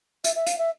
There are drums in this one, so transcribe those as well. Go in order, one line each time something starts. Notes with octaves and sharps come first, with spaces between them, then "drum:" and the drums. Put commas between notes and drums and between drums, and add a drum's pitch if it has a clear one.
E5, drum: hi-hat
E5
F5, drum: hi-hat
E5